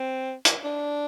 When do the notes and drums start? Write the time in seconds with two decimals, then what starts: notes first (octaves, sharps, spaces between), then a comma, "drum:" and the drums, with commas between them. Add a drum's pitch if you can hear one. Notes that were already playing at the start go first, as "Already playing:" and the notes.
Already playing: C4
0.45 drum: hi-hat
0.64 D4